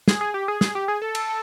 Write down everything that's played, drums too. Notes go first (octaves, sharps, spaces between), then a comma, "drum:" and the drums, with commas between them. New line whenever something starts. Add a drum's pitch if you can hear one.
G#4, drum: snare
G#4
G4
G#4
G#4, drum: snare
G4
G#4
A4
drum: cymbal